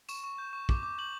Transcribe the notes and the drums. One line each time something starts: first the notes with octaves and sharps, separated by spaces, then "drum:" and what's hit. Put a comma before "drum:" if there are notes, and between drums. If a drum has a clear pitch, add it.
C#6 E7, drum: tambourine
C#6
G6
C#6
D6, drum: kick
D6
G6 F#7